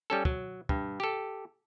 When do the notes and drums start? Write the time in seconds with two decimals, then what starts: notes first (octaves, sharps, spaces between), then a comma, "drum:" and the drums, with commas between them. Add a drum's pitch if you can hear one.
0.10 G3 C#4 A4
0.25 F#3, drum: kick
0.69 G2, drum: kick
1.00 G4 A4